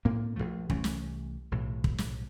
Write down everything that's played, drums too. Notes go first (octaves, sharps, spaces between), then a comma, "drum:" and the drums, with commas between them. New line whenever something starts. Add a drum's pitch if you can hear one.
A2 A#3 C4
A#1 F2 F3 A3
C2 E3 A3 C#4, drum: kick
drum: snare
B1 A2 C3 E3
drum: kick
drum: snare